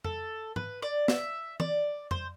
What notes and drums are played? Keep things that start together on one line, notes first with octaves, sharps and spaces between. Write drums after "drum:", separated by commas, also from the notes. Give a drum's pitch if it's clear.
A4, drum: tom F2
B4, drum: tom G#2
D5
E5, drum: snare
D5, drum: tom E3
C5, drum: tom F2